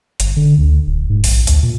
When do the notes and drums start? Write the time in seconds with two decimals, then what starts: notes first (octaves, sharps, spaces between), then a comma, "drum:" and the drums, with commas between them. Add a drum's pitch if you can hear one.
0.20 G1, drum: hi-hat
0.37 D3
0.58 D2
0.87 D1
1.10 G#2
1.24 A#1, drum: open hi-hat
1.47 D2, drum: hi-hat
1.63 A#2